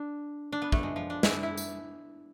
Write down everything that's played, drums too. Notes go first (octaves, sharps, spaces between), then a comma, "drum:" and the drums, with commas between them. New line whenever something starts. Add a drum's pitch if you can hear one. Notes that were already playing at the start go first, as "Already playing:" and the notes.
Already playing: D4
D4
B3
A3, drum: kick
G#3
F3
D4
E4, drum: snare
E4
drum: tambourine